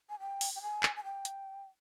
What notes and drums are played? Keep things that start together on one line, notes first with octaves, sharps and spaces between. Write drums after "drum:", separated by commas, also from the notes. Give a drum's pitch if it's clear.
G#5
G5
drum: open hi-hat
G5
G#5
drum: clap
G#5
G5
drum: hi-hat